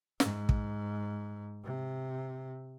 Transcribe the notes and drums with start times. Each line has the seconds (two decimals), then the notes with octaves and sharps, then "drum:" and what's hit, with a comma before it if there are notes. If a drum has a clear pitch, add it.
0.20 G#2, drum: snare
0.49 drum: kick
1.64 C3